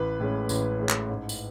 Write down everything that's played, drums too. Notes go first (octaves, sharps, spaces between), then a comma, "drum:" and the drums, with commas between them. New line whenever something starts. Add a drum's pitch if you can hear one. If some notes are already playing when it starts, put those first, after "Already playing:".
Already playing: A1 B4
A2 G#3 C#4
A1, drum: tambourine
A2 G#3 C#4
drum: clap
G#2
drum: tambourine